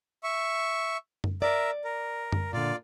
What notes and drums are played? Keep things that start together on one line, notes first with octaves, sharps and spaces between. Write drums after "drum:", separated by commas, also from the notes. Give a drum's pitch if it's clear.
E5 C#6
drum: tom F#2
A#4 D5 E5
A#4
drum: tom F#2
A#2 D3 F4 D5